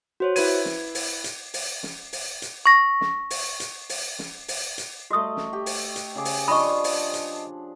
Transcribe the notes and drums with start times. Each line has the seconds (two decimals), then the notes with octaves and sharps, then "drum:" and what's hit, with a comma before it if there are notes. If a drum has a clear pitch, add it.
0.20 F#4 C5 C#5
0.36 E4 B4 G#6 D#7, drum: open hi-hat
0.65 drum: snare
0.95 drum: open hi-hat
1.24 drum: hi-hat
1.54 drum: open hi-hat
1.83 drum: snare
2.13 drum: open hi-hat
2.42 drum: hi-hat
2.66 C#6 A#6
3.01 drum: snare
3.30 drum: open hi-hat
3.60 drum: hi-hat
3.89 drum: open hi-hat
4.19 drum: snare
4.48 drum: open hi-hat
4.78 drum: hi-hat
5.10 A3 F#4 D#5 D#6
5.37 drum: snare
5.53 G4
5.66 drum: open hi-hat
5.96 drum: hi-hat
6.15 C#3 G#4 D6
6.25 drum: open hi-hat
6.48 F3 D4 D#5 B5 C#6 D#6
6.84 drum: open hi-hat
7.14 drum: hi-hat